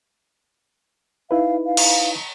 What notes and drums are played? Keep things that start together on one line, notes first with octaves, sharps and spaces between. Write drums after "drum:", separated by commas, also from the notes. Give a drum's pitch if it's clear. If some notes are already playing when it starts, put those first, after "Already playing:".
D#4 E4 B4 F5
F5
drum: cymbal